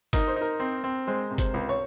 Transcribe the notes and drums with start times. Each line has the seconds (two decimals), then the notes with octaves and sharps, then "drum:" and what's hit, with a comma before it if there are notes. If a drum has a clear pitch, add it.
0.13 D#4 A#4, drum: kick G1, hi-hat
0.27 C5
0.36 D#4
0.41 A#4
0.60 C4
0.84 C4
1.07 G#3 C5
1.30 C3
1.38 C5, drum: kick G1, hi-hat
1.54 C#2
1.69 C#5